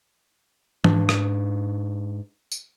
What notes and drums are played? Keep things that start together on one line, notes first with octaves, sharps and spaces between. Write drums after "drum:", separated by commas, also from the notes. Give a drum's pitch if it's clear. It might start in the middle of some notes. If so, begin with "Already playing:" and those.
G#2 D4, drum: tom E3
drum: rim click
drum: tambourine